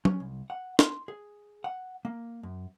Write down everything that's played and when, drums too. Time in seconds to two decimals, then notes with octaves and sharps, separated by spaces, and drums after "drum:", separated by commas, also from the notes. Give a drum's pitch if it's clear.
0.05 C#4, drum: tom
0.20 C2
0.50 F#5
0.79 C6, drum: snare
1.08 G#4
1.64 F#5
2.05 A#3
2.43 F#2